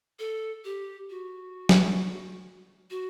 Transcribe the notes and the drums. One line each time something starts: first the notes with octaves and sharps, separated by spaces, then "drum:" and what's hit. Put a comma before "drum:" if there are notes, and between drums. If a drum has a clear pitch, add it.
A4
G4
F#4
drum: snare
F#4